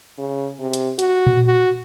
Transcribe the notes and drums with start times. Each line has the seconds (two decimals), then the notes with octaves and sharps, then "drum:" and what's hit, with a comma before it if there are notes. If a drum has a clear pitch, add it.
0.18 C#3
0.59 C3
0.73 drum: hi-hat
0.99 F#4, drum: hi-hat
1.27 drum: tom A#2
1.46 F#4